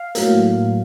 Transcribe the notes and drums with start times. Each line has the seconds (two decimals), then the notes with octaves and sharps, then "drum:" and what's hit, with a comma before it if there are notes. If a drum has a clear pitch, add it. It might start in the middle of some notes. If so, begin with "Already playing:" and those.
Already playing: F5
0.15 A2 F#3 A#3, drum: hi-hat